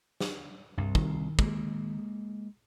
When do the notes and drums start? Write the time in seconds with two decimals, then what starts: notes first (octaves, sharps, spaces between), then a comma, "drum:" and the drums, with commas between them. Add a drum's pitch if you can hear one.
0.20 drum: snare
0.78 C2 G2
0.95 D#3, drum: kick
1.39 G#3 A#3, drum: kick